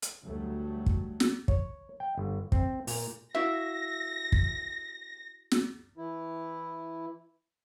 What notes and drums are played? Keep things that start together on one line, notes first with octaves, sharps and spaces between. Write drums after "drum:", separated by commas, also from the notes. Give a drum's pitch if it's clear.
drum: hi-hat
D2 F#3 G3 A3
drum: kick
drum: snare
C#5, drum: kick
G5
G1
C4, drum: kick
A#2, drum: open hi-hat
E4 F#4 E5 F5 A#6
drum: kick
drum: snare
E3 E4